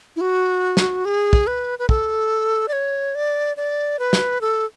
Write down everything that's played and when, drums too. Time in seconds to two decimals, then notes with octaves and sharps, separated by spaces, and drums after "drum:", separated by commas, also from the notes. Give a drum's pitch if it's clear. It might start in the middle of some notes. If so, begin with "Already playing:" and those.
0.16 E4
0.21 F#4
0.77 drum: snare
1.05 G#4
1.33 drum: kick
1.47 B4
1.79 B4
1.89 A4, drum: kick
2.68 D5
2.73 C#5
3.15 D5
3.57 D5
3.99 B4
4.13 drum: snare
4.41 A4